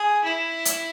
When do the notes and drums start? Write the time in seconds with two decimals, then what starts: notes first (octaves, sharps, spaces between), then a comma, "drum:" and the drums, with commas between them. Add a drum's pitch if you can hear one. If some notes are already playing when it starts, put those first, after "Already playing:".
Already playing: G#4
0.24 E4
0.65 drum: hi-hat